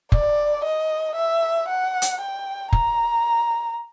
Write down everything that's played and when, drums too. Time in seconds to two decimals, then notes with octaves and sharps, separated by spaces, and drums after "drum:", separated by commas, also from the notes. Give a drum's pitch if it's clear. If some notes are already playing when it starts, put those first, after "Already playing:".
0.12 D5, drum: kick F1
0.64 D#5
1.16 E5
1.69 F#5
2.02 drum: hi-hat
2.20 G5
2.73 A#5, drum: kick F1